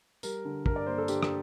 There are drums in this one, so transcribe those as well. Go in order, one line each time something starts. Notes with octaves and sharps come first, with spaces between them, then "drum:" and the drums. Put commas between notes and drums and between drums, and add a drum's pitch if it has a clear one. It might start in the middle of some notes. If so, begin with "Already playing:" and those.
G3 A#4, drum: tambourine
D3
G2 A#4, drum: kick
D5
A#3 C5
A4
D3 G4, drum: tambourine
drum: rim click